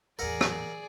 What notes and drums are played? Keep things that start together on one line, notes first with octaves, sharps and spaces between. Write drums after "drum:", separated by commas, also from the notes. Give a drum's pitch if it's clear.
A1 E2 E3 G#4 A#4 D5 F#5 E6
drum: rim click